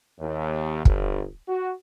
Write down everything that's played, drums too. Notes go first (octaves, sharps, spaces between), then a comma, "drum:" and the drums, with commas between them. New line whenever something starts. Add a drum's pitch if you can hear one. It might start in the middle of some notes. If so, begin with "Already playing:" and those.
D#2
G1, drum: kick
F#4